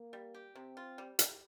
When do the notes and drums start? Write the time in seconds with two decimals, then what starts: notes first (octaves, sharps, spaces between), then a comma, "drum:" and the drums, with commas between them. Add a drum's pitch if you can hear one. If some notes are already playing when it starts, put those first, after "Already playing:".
Already playing: A#3
0.13 G3
0.34 G4
0.55 C3 C4
0.77 F4
0.98 G3
1.19 G3, drum: hi-hat